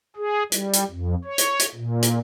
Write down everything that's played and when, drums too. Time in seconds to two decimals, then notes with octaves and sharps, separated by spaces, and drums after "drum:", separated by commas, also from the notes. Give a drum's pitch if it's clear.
0.16 G#4
0.52 G3, drum: hi-hat
0.73 drum: hi-hat
0.91 F2
1.24 C#5
1.38 drum: hi-hat
1.59 drum: hi-hat
1.75 A#2
2.03 drum: hi-hat